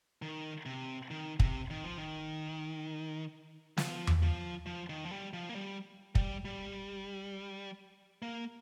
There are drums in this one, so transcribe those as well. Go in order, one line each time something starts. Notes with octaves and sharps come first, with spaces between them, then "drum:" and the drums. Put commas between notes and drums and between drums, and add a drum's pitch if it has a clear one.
D#3
C3
D#3
C3, drum: kick
D#3
F3
D#3
F3, drum: snare
drum: tom E2
F3
F3
D#3
F3
G3
F3
A#3
G3
G3, drum: kick
G3
A#3